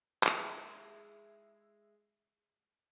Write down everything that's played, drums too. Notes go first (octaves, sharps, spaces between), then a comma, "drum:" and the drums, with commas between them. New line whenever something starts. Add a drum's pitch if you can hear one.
G#3 E4 G#4, drum: clap